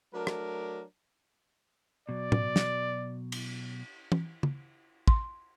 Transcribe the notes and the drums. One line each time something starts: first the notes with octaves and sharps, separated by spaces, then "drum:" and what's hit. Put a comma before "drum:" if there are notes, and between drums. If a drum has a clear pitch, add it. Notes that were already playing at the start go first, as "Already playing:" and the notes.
F#3 A3 D4 A#4
drum: rim click
B2 F#3 D5
drum: tom A2
drum: snare
drum: cymbal
drum: tom
drum: tom C#3
C6, drum: kick